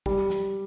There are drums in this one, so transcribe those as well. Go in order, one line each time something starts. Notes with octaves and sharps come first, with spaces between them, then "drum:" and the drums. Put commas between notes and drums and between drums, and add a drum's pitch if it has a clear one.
G3, drum: kick
drum: snare